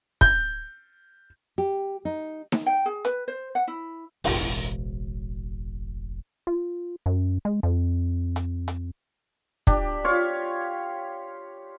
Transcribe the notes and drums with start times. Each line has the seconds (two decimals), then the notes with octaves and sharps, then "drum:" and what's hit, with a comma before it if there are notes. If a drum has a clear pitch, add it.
0.21 G6, drum: kick
1.58 G4
2.05 D#4
2.52 drum: snare D#4
2.66 G5
2.86 G#4
3.05 B4, drum: hi-hat
3.28 C5
3.55 F#5
3.68 E4
4.24 E1 A1, drum: open hi-hat
6.47 F4
7.06 F#2
7.45 G#3
7.63 F2
8.36 drum: hi-hat
8.68 drum: hi-hat
9.67 D4 G4, drum: kick
10.04 F4 C#5 F5